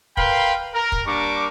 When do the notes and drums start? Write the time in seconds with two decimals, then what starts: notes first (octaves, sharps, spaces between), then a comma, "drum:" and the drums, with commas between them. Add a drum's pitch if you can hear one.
0.17 A#4 B4 F5 G5 B5 C6, drum: kick
0.74 A#4
0.92 drum: kick
1.06 G3 A#3 D4 C#6 D6